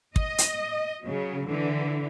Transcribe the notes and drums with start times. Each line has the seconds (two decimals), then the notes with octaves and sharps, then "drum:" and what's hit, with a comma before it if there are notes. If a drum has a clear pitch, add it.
0.16 D#5, drum: kick
0.38 drum: hi-hat
1.02 C#3 F#3
1.48 D3 E3